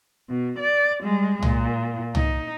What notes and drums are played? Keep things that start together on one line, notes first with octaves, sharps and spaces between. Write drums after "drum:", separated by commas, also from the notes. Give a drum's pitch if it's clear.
B2
D5
G3 G#3
A#2, drum: tom
D#4, drum: tom